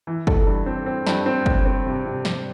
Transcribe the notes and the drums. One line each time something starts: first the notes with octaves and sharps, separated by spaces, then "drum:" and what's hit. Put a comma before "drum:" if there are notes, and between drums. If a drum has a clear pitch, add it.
E3
A4, drum: kick
G2
C4
C4
G2, drum: snare
C4
C4, drum: kick
C4
C3
C3
G3, drum: snare